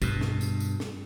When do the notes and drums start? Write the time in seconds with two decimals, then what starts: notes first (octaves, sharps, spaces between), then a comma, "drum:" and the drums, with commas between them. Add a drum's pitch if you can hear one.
0.02 G2 B2, drum: kick, tambourine
0.21 drum: snare
0.41 drum: tambourine
0.60 drum: tambourine
0.80 drum: snare